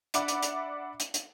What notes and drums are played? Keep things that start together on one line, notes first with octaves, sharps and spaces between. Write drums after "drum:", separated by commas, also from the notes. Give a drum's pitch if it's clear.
D4 D5 E5 F#5 B5 D6, drum: hi-hat
drum: hi-hat
drum: hi-hat
drum: hi-hat
drum: hi-hat